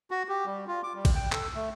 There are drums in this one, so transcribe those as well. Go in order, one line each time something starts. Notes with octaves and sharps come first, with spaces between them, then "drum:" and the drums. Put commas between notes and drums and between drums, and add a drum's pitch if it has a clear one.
F#4
G4
G3
F4
D6
G3
drum: kick A1, cymbal
G5
A4, drum: clap
A3